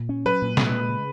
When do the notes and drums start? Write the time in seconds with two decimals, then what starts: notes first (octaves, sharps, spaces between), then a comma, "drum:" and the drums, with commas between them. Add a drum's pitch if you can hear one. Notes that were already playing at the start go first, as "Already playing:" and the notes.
Already playing: A#2
0.09 C#4
0.25 F#3 B4
0.42 A#2
0.57 A#2, drum: snare
0.73 G#3
0.89 C#3